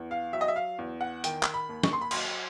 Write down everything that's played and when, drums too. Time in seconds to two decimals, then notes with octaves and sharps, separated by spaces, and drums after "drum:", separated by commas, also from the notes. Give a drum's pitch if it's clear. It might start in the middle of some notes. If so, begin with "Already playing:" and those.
Already playing: E2
0.11 F5
0.33 F#3 E5
0.41 D#5
0.48 E5
0.56 F5
0.78 E2
1.01 F#5
1.24 D#3 G5, drum: hi-hat
1.43 drum: clap
1.54 B5
1.69 D#2
1.83 C#6, drum: snare
1.93 C6
2.01 B5
2.11 F#3 C6, drum: cymbal